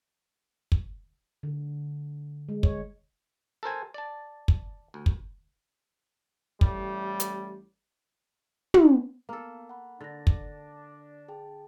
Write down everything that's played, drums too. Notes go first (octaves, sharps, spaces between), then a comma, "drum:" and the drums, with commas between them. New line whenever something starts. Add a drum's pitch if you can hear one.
drum: kick
D3
G#3
C#5, drum: kick
A4 A#4 C5 G#5
D5 A5
drum: kick
D2
drum: kick
A1 A2 G3, drum: kick
drum: hi-hat
drum: tom
A#3 B3 A4 A#4 F5
F#5 B5
D3 D4 A6 A#6
drum: kick
G#4 G5 A5